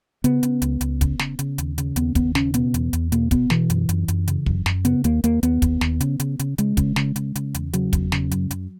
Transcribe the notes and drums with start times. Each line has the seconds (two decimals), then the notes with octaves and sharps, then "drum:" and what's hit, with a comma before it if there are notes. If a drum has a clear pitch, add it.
0.24 C#3 B3, drum: hi-hat
0.43 C#3, drum: hi-hat
0.62 C#2, drum: hi-hat
0.81 C#2, drum: hi-hat
1.01 C#3, drum: kick, hi-hat
1.19 C#3, drum: snare
1.39 C#3, drum: hi-hat
1.58 D#2, drum: hi-hat
1.78 C#3, drum: hi-hat
1.96 D#2 B3, drum: hi-hat
2.15 D#2 B3, drum: kick, hi-hat
2.35 C#3 C#4, drum: snare
2.54 B2 B3, drum: hi-hat
2.74 E2, drum: hi-hat
2.93 E2, drum: hi-hat
3.12 B2 A#3, drum: hi-hat
3.31 B2 B3, drum: kick, hi-hat
3.50 B2 E3, drum: snare
3.70 F#2, drum: hi-hat
3.89 F#2, drum: hi-hat
4.08 F#2, drum: hi-hat
4.28 C#3, drum: hi-hat
4.46 F#2, drum: kick
4.66 F#2, drum: snare
4.85 C#3 B3, drum: hi-hat
5.04 D#2 A#3, drum: hi-hat
5.24 D#2 A#3, drum: hi-hat
5.43 D#2 B3, drum: hi-hat
5.62 D#2, drum: kick, hi-hat
5.81 D#2, drum: snare
6.01 C#3, drum: hi-hat
6.20 C#3, drum: hi-hat
6.39 C#3, drum: hi-hat
6.58 C#3 G#3, drum: hi-hat
6.77 C#3, drum: kick, hi-hat
6.96 C#3, drum: snare
7.16 C#3, drum: hi-hat
7.35 C#3, drum: hi-hat
7.54 E2, drum: hi-hat
7.73 C#3 F#3, drum: hi-hat
7.93 E2, drum: kick, hi-hat
8.12 C#3, drum: snare
8.31 F#2, drum: hi-hat
8.51 F#2, drum: hi-hat